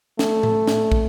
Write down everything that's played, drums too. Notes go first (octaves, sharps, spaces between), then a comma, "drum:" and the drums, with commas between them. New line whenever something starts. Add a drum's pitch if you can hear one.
A3, drum: snare
drum: tom A2
drum: snare
drum: kick